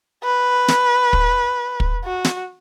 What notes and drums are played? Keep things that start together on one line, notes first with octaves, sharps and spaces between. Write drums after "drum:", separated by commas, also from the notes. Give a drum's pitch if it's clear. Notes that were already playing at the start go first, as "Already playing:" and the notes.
B4
drum: snare
drum: kick
drum: kick
F#4
drum: snare